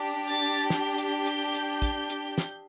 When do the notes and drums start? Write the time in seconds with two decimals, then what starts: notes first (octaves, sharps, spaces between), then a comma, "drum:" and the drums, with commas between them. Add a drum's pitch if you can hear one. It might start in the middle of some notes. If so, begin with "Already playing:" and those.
Already playing: D4 G4
0.29 A6
0.70 G6, drum: snare
0.98 drum: hi-hat
1.26 drum: hi-hat
1.54 drum: hi-hat
1.82 drum: kick, hi-hat
2.10 drum: hi-hat
2.38 drum: snare